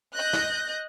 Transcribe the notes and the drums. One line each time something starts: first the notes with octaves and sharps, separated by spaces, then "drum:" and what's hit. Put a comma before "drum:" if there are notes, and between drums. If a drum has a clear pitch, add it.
D#5 F#6 G6 A#6
drum: snare